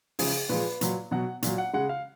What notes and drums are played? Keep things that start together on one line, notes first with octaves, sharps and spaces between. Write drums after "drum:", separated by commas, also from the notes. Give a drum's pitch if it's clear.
C#3 F3 G#3 G#4, drum: open hi-hat
A#2 F3 G#3 B4
A#2 F#3, drum: hi-hat
B2 F#3 F#5
A#2 F#3, drum: hi-hat
F#5
C#3 G#3 F#5
F5